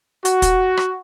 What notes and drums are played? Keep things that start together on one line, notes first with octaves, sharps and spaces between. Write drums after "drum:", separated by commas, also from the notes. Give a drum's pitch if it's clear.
F#4, drum: hi-hat
drum: kick, hi-hat
drum: rim click